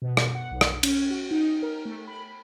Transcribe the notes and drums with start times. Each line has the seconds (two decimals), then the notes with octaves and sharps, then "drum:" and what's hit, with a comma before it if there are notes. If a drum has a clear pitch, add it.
0.02 B2
0.17 drum: rim click
0.35 F#5
0.51 B1
0.61 drum: rim click
0.83 C#4, drum: cymbal
1.11 F#4
1.31 D#4
1.63 A#4
1.85 A3
2.07 B5